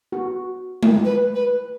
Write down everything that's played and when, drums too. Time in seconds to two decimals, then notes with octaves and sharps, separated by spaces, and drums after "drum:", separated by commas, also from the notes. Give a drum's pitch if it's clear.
0.12 F#4
0.83 drum: tom G#3
1.05 B4
1.34 B4